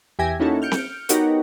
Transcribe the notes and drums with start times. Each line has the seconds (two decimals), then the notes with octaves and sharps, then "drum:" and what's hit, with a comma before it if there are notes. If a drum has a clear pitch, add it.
0.19 E2 G4 E5 G#5 A#6
0.39 A#3 C#4 D#4 E4 F#4 A4
0.62 F6 G6 C#7 D7
0.71 drum: snare C4
1.09 B3 D#4 F#4 G4 A#4 C#5, drum: hi-hat